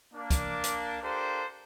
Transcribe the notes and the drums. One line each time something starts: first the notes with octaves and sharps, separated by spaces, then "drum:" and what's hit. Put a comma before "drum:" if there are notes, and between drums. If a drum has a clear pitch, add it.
A#3 D4
drum: kick, hi-hat
drum: hi-hat
D4 F4 G4 A4 A#4 C5